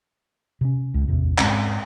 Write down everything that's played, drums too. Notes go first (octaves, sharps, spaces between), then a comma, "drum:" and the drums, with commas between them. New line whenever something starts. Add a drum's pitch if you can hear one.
C3 C#4
C#2
A1 E2 C3
G#2 G#3 C4 C#4, drum: clap